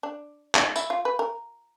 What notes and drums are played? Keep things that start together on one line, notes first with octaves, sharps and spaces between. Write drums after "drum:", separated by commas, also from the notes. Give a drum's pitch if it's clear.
D4
D4, drum: clap
D#4
E4, drum: tambourine
F4
B4
A#4